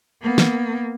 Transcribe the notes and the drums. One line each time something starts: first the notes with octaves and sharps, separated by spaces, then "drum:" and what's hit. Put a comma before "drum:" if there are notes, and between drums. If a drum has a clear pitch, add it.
A#3 B3
drum: snare